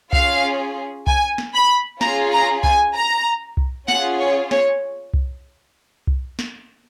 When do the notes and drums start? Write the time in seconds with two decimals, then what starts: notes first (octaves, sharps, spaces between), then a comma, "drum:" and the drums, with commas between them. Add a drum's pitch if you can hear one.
0.13 C#4 F4 G#4 F5, drum: kick C2
1.07 G#5, drum: kick C2
1.38 drum: snare
1.54 B5
2.01 C#4 F4 G#4 A#5, drum: snare
2.32 A#5
2.64 G#5, drum: kick C2
2.94 A#5
3.57 drum: kick C2
3.88 C#4 F4 G#4 F#5, drum: snare
4.20 C#5
4.51 C#5, drum: snare
5.14 drum: kick C2
6.07 drum: kick C2
6.39 drum: snare